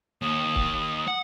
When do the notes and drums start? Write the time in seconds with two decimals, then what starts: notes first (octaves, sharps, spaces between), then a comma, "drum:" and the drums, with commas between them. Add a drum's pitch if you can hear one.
0.22 D#2 D#6
0.56 drum: kick
1.07 F#5